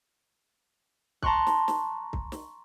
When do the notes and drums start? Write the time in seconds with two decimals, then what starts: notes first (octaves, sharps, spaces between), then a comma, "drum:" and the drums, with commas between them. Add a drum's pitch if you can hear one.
1.22 A5 A#5 C6 C#6 F#6, drum: kick C2
1.47 drum: snare
1.68 drum: snare
2.13 drum: kick C2
2.32 drum: snare